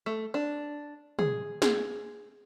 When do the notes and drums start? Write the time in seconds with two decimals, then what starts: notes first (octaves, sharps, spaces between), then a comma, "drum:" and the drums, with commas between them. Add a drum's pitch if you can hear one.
0.06 A3
0.34 D4
1.19 G#4, drum: tom
1.62 G#4, drum: snare